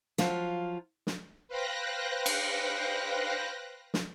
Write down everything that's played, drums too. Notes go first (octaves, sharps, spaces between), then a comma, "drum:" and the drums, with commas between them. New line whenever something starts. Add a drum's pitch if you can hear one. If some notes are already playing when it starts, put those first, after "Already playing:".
F3 F#3 F4, drum: snare
drum: snare
B4 C5 F5 G5 F#6 A#6
drum: cymbal
drum: snare